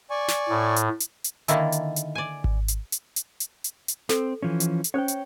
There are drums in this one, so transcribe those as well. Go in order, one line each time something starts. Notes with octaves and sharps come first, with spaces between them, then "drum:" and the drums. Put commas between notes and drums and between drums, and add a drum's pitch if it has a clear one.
D5 G#5 C#6
drum: snare
A2
drum: hi-hat
drum: hi-hat
drum: hi-hat
D3 D#3 A#3 E4 A4, drum: hi-hat
drum: hi-hat
drum: hi-hat
D5 G#5
drum: kick G#1
drum: hi-hat
drum: hi-hat
drum: hi-hat
drum: hi-hat
drum: hi-hat
drum: hi-hat
C4 A4, drum: snare
E3 F3 C#4
drum: hi-hat
drum: hi-hat
C#4 C5 C#5 G5
drum: hi-hat